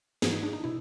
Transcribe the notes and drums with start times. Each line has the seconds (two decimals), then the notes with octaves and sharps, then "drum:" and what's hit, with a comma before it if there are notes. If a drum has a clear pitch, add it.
0.22 G#2 E3 G#4, drum: snare
0.32 D#4
0.43 D4
0.53 D#4
0.64 B2 E4